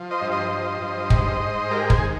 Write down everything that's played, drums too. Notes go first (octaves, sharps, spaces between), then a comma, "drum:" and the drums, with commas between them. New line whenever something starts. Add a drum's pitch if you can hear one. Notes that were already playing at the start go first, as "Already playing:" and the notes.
Already playing: F3
C5 D#5
G2
C5 D#5
F3
G2
G#2, drum: kick
G#2
G#3 G4 A#4
G#4 C5, drum: kick
D#3